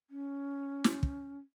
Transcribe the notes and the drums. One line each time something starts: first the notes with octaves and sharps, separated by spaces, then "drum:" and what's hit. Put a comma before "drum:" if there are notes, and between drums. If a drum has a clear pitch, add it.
C#4
drum: snare
drum: kick